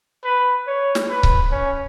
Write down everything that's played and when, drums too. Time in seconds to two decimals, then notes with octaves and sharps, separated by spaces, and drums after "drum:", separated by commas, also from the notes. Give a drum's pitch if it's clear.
0.24 B4
0.67 C#5
0.95 drum: snare
1.09 B4
1.23 drum: kick C#1
1.51 C#4